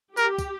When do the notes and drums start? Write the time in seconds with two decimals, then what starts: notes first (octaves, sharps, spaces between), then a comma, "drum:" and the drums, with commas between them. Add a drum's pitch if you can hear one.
0.17 G4 A#4, drum: tambourine
0.39 drum: kick, tambourine